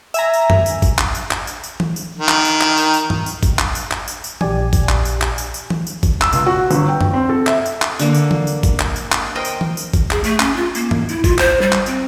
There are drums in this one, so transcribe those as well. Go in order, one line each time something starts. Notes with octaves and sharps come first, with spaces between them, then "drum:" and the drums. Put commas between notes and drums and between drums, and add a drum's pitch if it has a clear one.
E5 G#5 A#5, drum: tambourine
drum: tambourine
drum: tom F#2
drum: tambourine
drum: kick G1, tambourine
drum: clap
drum: tambourine
drum: clap
drum: tambourine
drum: tambourine
drum: tom
drum: tambourine
D#3
drum: clap
drum: tambourine
drum: clap
drum: tambourine
drum: tambourine
drum: tom G#2
drum: tambourine
drum: kick G1, tambourine
drum: clap
drum: tambourine
drum: clap
drum: tambourine
drum: tambourine
A#1 G4 D5 G#5, drum: tom
drum: kick G1, tambourine
drum: clap
drum: tambourine
drum: clap
drum: tambourine
drum: tambourine
drum: tom
drum: tambourine
drum: kick G1, tambourine
E6, drum: clap
C#2, drum: tambourine
F#4
G1, drum: tambourine
G5
drum: tom F#2
C4
A4
E5, drum: clap
drum: tambourine
drum: clap
D3 A#3, drum: tambourine
drum: tambourine
drum: tom
drum: tambourine
drum: kick G1, tambourine
drum: clap
drum: tambourine
drum: clap
A#4 C5 D#5 G5
drum: tambourine
drum: tom
drum: tambourine
drum: kick G1, tambourine
G#4, drum: clap
A3, drum: tambourine
C#4, drum: clap
F4
A#3, drum: tambourine
drum: tom G#2
E4, drum: tambourine
F4, drum: kick G1, tambourine
C5, drum: clap
G3
drum: clap
C4, drum: tambourine